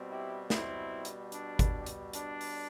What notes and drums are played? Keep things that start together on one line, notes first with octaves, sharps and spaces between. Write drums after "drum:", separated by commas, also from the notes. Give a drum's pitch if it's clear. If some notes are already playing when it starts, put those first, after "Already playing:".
Already playing: B2 G3 C4
E4 G4
C4 E4, drum: snare
drum: hi-hat
D4, drum: hi-hat
drum: kick G1, hi-hat
drum: hi-hat
D4, drum: hi-hat
drum: open hi-hat